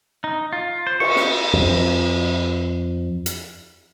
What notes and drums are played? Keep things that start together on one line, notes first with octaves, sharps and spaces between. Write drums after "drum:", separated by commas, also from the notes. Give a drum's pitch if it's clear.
D#4
F4
C5
C#6, drum: cymbal
drum: snare
F2 F3
drum: hi-hat